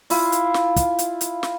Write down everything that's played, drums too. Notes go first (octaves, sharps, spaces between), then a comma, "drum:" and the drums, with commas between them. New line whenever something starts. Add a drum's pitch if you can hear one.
E4 F4, drum: open hi-hat
drum: hi-hat
drum: snare
drum: kick, hi-hat
drum: hi-hat
drum: hi-hat
drum: snare